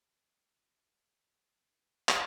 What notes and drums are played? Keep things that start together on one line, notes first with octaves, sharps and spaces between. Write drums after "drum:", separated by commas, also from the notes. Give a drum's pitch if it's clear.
A#4
G#4
A#4
G#4
G#4
F4
G#4
G#4
drum: clap